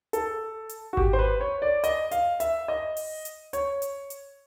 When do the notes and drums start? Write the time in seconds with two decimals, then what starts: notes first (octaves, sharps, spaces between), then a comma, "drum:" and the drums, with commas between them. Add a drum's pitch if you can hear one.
0.13 A4, drum: hi-hat
0.69 drum: hi-hat
0.93 F#4
0.97 G4, drum: kick G#1
1.13 C5
1.19 B4
1.41 C#5
1.62 D5
1.84 D#5, drum: hi-hat
2.11 F5, drum: hi-hat
2.40 E5, drum: hi-hat
2.68 D#5
2.97 drum: open hi-hat
3.25 drum: hi-hat
3.53 C#5, drum: hi-hat
3.82 drum: hi-hat
4.10 drum: hi-hat